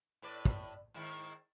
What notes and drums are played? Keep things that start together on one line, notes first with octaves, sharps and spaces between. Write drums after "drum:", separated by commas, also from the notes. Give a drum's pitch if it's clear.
A2 B4 D5
drum: kick
G#2 D#3 E4